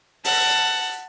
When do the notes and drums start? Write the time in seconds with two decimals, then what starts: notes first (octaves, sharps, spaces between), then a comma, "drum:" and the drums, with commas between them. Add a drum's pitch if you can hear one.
0.25 F#5 A5, drum: open hi-hat